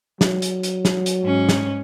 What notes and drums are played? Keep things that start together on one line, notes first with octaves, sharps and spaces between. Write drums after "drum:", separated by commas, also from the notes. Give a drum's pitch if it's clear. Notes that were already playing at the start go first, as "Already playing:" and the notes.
F#3, drum: snare
drum: hi-hat
drum: hi-hat
drum: snare
drum: hi-hat
G#2 C#4
drum: snare